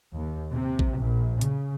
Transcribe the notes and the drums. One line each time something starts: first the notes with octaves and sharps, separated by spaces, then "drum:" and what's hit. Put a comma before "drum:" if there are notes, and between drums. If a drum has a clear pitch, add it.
D#2
C3
drum: kick A1
A#1
C#3, drum: hi-hat